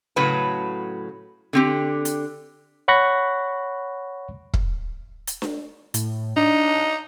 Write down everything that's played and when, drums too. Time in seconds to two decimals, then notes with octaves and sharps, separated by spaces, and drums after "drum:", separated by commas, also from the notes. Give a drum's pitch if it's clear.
0.16 A2 C#3 F#3 F#4 B4 A5
1.53 D3 C4 G4
2.05 drum: hi-hat
2.88 C#5 F#5 B5 C#6 F#6 A#6
4.54 drum: kick
5.27 drum: hi-hat
5.42 drum: snare D4
5.94 A2, drum: hi-hat
6.36 D4 D#4